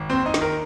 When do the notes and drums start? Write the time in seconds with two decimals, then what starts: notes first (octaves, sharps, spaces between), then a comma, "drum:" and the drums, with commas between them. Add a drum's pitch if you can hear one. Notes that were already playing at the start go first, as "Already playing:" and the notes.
Already playing: G#1
0.10 D#2 C4 C5
0.26 D#4 D#5
0.34 D#3, drum: snare
0.41 A#4